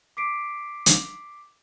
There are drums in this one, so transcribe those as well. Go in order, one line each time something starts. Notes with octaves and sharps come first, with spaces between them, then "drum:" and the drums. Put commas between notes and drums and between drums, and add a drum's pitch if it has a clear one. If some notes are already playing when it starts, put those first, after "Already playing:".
D6 B6 C7 D7
drum: hi-hat